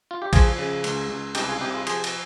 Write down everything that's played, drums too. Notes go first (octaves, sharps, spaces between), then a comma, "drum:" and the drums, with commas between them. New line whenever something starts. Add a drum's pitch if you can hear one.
F4
G4
F3 F4 G#4, drum: kick A1, cymbal
C#3
C#2, drum: cymbal
C#2
C2 D#4 G4, drum: cymbal
F4 G#4
C3 D#4 G4
F4 G#4
F3 G#4 C5, drum: cymbal
drum: cymbal